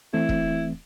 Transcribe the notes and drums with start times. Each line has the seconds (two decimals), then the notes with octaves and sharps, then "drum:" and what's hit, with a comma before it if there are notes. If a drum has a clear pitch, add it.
0.13 E3 A3 C4 E4
0.29 drum: kick E1